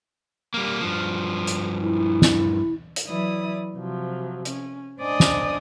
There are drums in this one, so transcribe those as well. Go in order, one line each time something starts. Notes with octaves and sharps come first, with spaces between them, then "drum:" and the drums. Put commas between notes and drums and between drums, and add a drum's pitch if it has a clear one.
G3 A#3
G2 F3
drum: hi-hat
E4
drum: snare
drum: hi-hat
E3 F#3 E4 D5 D#6
C3 F3 F#3
C#4, drum: hi-hat
D4 C5 D5 D#5 G#5 D#6
drum: snare